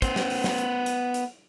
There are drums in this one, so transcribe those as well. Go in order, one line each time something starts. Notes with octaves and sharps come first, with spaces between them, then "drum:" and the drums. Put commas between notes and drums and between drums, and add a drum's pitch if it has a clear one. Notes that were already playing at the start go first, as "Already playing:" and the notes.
B3 C5, drum: kick, hi-hat
drum: snare
drum: open hi-hat
drum: snare
drum: hi-hat
drum: hi-hat
drum: hi-hat